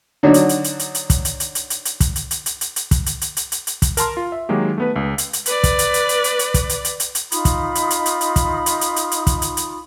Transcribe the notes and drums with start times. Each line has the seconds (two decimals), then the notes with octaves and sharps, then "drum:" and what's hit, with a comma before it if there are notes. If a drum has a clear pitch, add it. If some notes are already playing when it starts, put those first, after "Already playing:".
0.23 D3 F#3 D4 D#4
0.34 drum: hi-hat
0.49 drum: hi-hat
0.64 drum: hi-hat
0.79 drum: hi-hat
0.95 drum: hi-hat
1.10 drum: kick, hi-hat
1.25 drum: hi-hat
1.40 drum: hi-hat
1.55 drum: hi-hat
1.70 drum: hi-hat
1.85 drum: hi-hat
2.00 drum: kick, hi-hat
2.16 drum: hi-hat
2.31 drum: hi-hat
2.46 drum: hi-hat
2.61 drum: hi-hat
2.76 drum: hi-hat
2.91 drum: kick, hi-hat
3.06 drum: hi-hat
3.21 drum: hi-hat
3.37 drum: hi-hat
3.52 drum: hi-hat
3.67 drum: hi-hat
3.82 drum: kick, hi-hat
3.97 A#4 A5 C6 F6, drum: hi-hat
4.17 F4
4.32 E5
4.49 D#3 F#3 G#3 A#3 G4
4.78 A3 B3 B4
4.96 C#2
5.18 drum: hi-hat
5.33 drum: hi-hat
5.46 B4 D5, drum: hi-hat
5.64 drum: kick, hi-hat
5.79 drum: hi-hat
5.94 drum: hi-hat
6.09 drum: hi-hat
6.24 drum: hi-hat
6.39 drum: hi-hat
6.54 drum: kick, hi-hat
6.69 drum: hi-hat
6.85 drum: hi-hat
7.00 drum: hi-hat
7.15 drum: hi-hat
7.32 D#4 F4 B5 D#6, drum: hi-hat
7.45 drum: kick, hi-hat
7.75 drum: hi-hat
7.90 drum: hi-hat
8.06 drum: hi-hat
8.21 drum: hi-hat
8.36 drum: kick, hi-hat
8.66 drum: hi-hat
8.81 drum: hi-hat
8.96 drum: hi-hat
9.11 drum: hi-hat
9.27 drum: kick, hi-hat
9.42 drum: hi-hat
9.57 drum: hi-hat